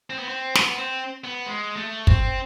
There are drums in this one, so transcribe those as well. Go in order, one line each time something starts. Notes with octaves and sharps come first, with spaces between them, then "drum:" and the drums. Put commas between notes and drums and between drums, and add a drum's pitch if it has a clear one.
C4
B3
C4
B3, drum: snare
C4
B3
G#3
A3
C4, drum: kick